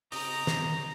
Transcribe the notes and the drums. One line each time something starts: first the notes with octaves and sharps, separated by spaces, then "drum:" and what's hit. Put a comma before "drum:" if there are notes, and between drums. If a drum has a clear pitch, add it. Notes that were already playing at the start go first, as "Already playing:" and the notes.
C#3 C4 D#5 A#5, drum: open hi-hat
drum: snare